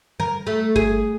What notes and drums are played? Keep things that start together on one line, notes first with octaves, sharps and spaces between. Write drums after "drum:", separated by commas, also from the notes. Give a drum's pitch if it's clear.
A#4, drum: tom
A3
G#4, drum: kick G1